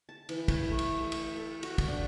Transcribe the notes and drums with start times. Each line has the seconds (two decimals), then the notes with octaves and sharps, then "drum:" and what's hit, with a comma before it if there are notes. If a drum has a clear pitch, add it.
0.09 A5
0.29 E3, drum: cymbal
0.48 C#5, drum: kick, cymbal
0.68 A3
0.79 drum: cymbal
1.00 A3
1.12 drum: cymbal
1.37 A4
1.63 F#4, drum: cymbal
1.78 drum: kick, cymbal
1.88 D4